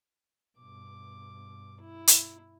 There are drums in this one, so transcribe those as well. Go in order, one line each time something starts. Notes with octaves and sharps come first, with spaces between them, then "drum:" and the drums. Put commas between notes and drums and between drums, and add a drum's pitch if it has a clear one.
G2 B2 D6
E4
drum: hi-hat